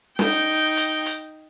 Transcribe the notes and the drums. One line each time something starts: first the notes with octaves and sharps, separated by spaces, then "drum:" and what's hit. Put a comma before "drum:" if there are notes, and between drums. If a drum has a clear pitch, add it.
D#4 G5, drum: snare
drum: hi-hat
drum: hi-hat